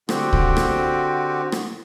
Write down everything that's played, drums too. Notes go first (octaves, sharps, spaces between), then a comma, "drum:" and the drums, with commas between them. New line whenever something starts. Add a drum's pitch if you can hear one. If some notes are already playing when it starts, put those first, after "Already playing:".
D3 C4 F#4 G4, drum: rim click
drum: kick C2
drum: rim click
drum: rim click